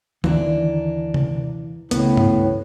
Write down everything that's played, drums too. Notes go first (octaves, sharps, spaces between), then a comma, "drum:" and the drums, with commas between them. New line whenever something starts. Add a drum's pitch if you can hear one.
D#2 D3 E3 A#3 D4, drum: tom D#3
drum: tom C3
C#2 A2 C#3 B3 F#4, drum: hi-hat
drum: tom G2